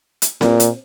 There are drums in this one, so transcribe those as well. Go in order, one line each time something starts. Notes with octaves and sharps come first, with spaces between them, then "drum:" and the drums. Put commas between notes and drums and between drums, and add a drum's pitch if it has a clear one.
drum: hi-hat
A#2, drum: snare C4
drum: hi-hat